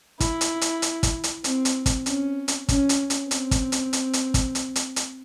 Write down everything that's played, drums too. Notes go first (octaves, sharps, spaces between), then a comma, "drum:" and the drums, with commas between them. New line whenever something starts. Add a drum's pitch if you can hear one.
E4, drum: kick, hi-hat
drum: hi-hat
drum: hi-hat
drum: hi-hat
drum: kick, hi-hat
drum: hi-hat
C4, drum: hi-hat
drum: hi-hat
drum: kick, hi-hat
C#4, drum: hi-hat
drum: hi-hat
C#4, drum: kick, hi-hat
drum: hi-hat
drum: hi-hat
C4, drum: hi-hat
drum: kick, hi-hat
drum: hi-hat
drum: hi-hat
drum: hi-hat
drum: kick, hi-hat
drum: hi-hat
drum: hi-hat
drum: hi-hat